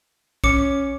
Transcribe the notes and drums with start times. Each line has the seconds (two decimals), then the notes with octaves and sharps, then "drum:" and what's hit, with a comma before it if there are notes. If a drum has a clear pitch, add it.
0.44 C#4 D6 C#7, drum: kick